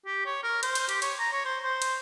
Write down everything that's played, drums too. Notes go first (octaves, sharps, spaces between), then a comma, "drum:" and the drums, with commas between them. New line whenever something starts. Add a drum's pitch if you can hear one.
G4
C#5
A#4
C5, drum: cymbal
drum: cymbal
G4, drum: cymbal
C#5, drum: cymbal
A#5
C#5
C5
C5
drum: cymbal